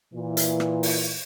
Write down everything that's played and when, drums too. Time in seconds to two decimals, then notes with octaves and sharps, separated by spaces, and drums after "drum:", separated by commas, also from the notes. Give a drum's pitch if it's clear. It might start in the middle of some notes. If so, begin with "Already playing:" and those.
0.14 A#2 E3
0.37 drum: hi-hat
0.60 drum: rim click
0.83 drum: open hi-hat